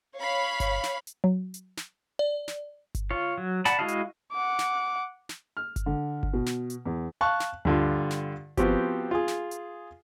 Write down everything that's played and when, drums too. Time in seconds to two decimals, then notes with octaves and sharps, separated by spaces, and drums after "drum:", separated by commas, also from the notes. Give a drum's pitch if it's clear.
0.17 C#5 F5 B5
0.60 drum: kick G1, hi-hat
0.83 drum: snare
1.07 drum: hi-hat
1.24 F#3
1.54 drum: hi-hat
1.77 drum: snare
2.19 D5
2.48 drum: snare
2.95 drum: kick G1, hi-hat
3.11 F4 C#5
3.38 F#3
3.65 D5 F#5 A5 B5, drum: snare
3.79 G#3 E4 F#4 D#5 F5
3.88 drum: hi-hat
4.32 F#5 D6
4.59 drum: snare
5.29 drum: snare
5.57 F6
5.76 drum: kick G1, hi-hat
5.86 D3
6.23 drum: kick G1
6.33 B2
6.46 drum: snare
6.70 drum: hi-hat
6.86 E2
7.21 F5 A5 C#6 F#6
7.40 drum: snare
7.65 G2 D3 F4, drum: tom D2
8.10 drum: snare
8.57 F3 B3 C4 F#4 G4, drum: kick G1, hi-hat
9.11 F4 G#4
9.28 drum: snare
9.51 drum: hi-hat